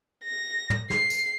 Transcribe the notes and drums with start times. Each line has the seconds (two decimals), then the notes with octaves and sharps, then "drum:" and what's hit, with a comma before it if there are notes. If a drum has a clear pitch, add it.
0.23 A#6
0.70 drum: tom
0.90 C7, drum: snare
1.10 drum: tambourine